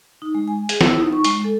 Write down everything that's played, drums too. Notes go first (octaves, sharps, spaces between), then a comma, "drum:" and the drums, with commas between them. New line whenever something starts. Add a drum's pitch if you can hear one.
D#4
G#3
G#5
G#4, drum: hi-hat
E4, drum: snare
D#4
C#6
G#3, drum: hi-hat
A4